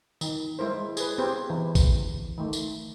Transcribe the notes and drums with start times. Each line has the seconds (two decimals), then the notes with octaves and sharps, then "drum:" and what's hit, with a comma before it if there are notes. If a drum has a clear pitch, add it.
0.21 D#3, drum: tambourine
0.59 G#3 E4 A#4 C5
0.97 G#4 B4, drum: tambourine
1.18 B3 C4 G4 G#4 C5
1.50 E3
1.75 drum: kick, tambourine
2.38 D#3 A3
2.53 drum: tambourine